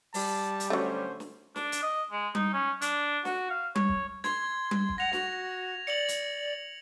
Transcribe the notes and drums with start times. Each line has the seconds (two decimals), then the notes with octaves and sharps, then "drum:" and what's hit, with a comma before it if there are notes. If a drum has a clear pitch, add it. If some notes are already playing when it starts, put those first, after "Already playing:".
0.14 G3 A5, drum: open hi-hat
0.60 drum: hi-hat
0.70 D3 F#3 A3 C#4 C5
1.20 drum: snare
1.56 D4, drum: snare
1.72 drum: hi-hat
1.83 D#5
2.11 G#3
2.35 D#4, drum: tom G3
2.54 C#4
2.81 D4, drum: hi-hat
3.25 F#4, drum: snare
3.50 F5
3.76 C#5, drum: tom G3
3.89 drum: kick
4.24 C6 G#6, drum: snare
4.71 drum: tom G3
4.89 drum: kick
4.98 F#5 A#6 F7
5.13 F#4, drum: snare
5.87 D5 C#7 F#7
6.08 drum: hi-hat